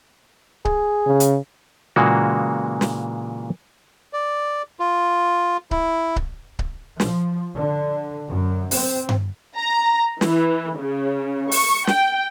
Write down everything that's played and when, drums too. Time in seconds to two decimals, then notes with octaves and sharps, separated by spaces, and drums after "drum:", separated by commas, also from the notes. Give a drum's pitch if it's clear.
0.65 G#4, drum: kick C#1
1.07 C#3
1.20 drum: hi-hat
1.96 A#2 C#3 E3 G#3 A#3 F#4
2.81 drum: snare
4.13 D5
4.80 F4
5.71 E4, drum: kick C#1
6.16 drum: kick C#1
6.59 drum: kick C#1
7.00 F3, drum: snare
7.57 D3
8.28 F#2
8.71 C4, drum: open hi-hat
9.09 drum: tom G2
9.56 A#5
10.21 E3, drum: snare
10.79 C#3
11.51 C#6, drum: open hi-hat
11.87 G5, drum: snare